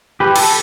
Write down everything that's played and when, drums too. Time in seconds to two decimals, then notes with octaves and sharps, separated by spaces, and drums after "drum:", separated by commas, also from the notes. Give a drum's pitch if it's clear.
0.20 G4 B4
0.36 A4, drum: cymbal